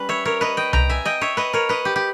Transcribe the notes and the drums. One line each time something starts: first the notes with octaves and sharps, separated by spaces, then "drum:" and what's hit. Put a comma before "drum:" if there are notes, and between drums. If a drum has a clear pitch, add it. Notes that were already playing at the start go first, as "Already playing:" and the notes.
Already playing: G3 C#4 B4
C#5 E5
A#4 C#5
B4 D#5
D#5 G5
G5 A#5, drum: tom C2
E5 G#5
D#5 G5
C#5 E5
B4 D#5
A#4 C#5
B4 D#5
G4
G4